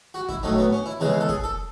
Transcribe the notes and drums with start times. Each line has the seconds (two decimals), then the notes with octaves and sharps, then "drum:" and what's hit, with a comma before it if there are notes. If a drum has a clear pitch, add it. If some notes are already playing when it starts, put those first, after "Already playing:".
0.14 F#4
0.29 E4, drum: kick
0.43 A2 F#3 A3 D#4
0.58 B3
0.73 C#4
0.86 E4
1.00 E2 C#3 E3 G#3 G#4
1.21 A4
1.29 G#4, drum: kick
1.44 A4